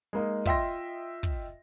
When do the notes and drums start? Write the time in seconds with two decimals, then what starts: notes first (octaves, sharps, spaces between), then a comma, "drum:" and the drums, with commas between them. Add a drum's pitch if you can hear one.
0.13 G#3 A#3 D#4
0.45 F4 D#5 E5 G5 C6 A#6, drum: kick
1.23 drum: kick